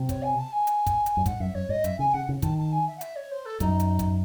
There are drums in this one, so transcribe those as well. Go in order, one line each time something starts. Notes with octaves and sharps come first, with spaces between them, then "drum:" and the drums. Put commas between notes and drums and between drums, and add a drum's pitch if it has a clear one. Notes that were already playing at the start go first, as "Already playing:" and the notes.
Already playing: C3
C#5, drum: kick, hi-hat
G#5
A5
G#5
drum: hi-hat
drum: kick, hi-hat
drum: hi-hat
F#2
G#2 F#5, drum: kick, hi-hat
F#2 E5
F#2 C#5
G#2 D#5
F#2 E5, drum: hi-hat
C#3 G#5
C#3 F#5
C#3
D#3 A5, drum: kick, hi-hat
A5
G#5
E5
F#5
E5, drum: hi-hat
C#5
C5
A4
F#2 D#4, drum: kick, hi-hat
drum: hi-hat
drum: kick, hi-hat